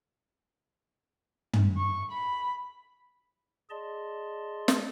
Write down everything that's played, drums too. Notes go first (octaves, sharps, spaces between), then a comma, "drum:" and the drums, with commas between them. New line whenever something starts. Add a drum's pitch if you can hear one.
drum: tom
C#6
B5
G#4 D5 D#5 A5 C6
drum: snare